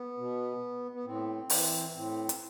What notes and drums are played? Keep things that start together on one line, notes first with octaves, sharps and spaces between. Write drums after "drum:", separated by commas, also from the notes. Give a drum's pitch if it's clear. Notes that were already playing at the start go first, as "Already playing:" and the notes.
Already playing: B3
B2
B3
A2 C4
E3, drum: open hi-hat
A2 C4
drum: hi-hat